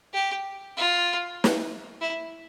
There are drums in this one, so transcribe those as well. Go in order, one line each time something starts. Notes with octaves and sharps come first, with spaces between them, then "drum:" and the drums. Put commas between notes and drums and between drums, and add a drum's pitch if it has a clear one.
G4
F4
drum: snare
E4